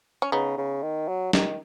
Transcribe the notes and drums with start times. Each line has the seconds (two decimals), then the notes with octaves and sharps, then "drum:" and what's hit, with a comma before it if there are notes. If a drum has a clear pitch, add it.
0.22 C#4
0.32 C#3 B3 D#4
0.57 C#3
0.82 D#3
1.08 F#3
1.33 D#3, drum: snare